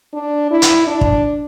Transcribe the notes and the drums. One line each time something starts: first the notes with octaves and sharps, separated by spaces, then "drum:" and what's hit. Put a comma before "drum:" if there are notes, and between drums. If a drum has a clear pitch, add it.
D4
E4
drum: hi-hat
D4
drum: kick